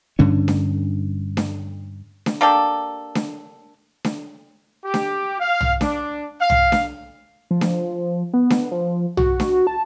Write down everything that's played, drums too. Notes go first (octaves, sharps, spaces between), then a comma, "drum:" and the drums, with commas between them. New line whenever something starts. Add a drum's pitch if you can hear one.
G2 D3 C#4
drum: snare D4
drum: snare D4
drum: snare D4
A#3 D4 G4 A4
drum: snare D4
drum: snare D4
G4
drum: snare D4
F5
drum: tom
D4, drum: snare D4
F5
drum: tom
drum: snare D4
F3
drum: snare D4
B3
drum: snare D4
F3
F#4, drum: tom
drum: snare D4
A5